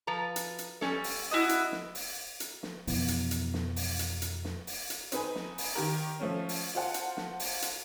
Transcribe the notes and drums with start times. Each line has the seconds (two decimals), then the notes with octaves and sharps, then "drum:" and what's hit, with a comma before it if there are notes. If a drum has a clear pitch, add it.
0.07 F3 B4 A#5
0.36 drum: hi-hat
0.59 drum: hi-hat
0.81 G3 C#4 A4, drum: snare
1.04 drum: open hi-hat
1.31 E4 F#4 D#5
1.49 drum: hi-hat
1.72 drum: snare
1.95 drum: open hi-hat
2.40 drum: hi-hat
2.63 drum: snare
2.87 F2 B2 E3 B3, drum: open hi-hat
3.08 drum: hi-hat
3.31 drum: hi-hat
3.54 drum: snare
3.76 drum: open hi-hat
3.99 drum: hi-hat
4.22 drum: hi-hat
4.44 drum: snare
4.67 drum: open hi-hat
4.90 drum: hi-hat
5.12 C4 D#4 B4 G#5, drum: hi-hat
5.35 drum: snare
5.58 drum: open hi-hat
5.76 D#3 G4 A#4
6.20 F3 A3 C#4
6.49 drum: open hi-hat
6.75 F4 C5 F#5 A5
6.94 drum: hi-hat
7.17 drum: snare
7.40 drum: open hi-hat
7.62 drum: hi-hat